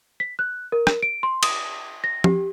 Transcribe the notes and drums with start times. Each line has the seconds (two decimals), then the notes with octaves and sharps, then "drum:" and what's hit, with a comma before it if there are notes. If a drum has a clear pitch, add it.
0.20 B6
0.39 F#6
0.72 A#4
0.87 drum: rim click
1.03 D7
1.23 C6
1.43 D#6, drum: cymbal
2.04 A#6
2.24 G4, drum: tom